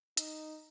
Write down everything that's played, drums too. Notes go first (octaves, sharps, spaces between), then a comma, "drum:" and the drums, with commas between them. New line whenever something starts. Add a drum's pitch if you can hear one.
D#4, drum: hi-hat